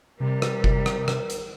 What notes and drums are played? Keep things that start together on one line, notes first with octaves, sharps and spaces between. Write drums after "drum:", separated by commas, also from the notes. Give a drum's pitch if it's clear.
C3 G3 A#4
drum: rim click
drum: kick F#1
drum: rim click
drum: rim click
drum: hi-hat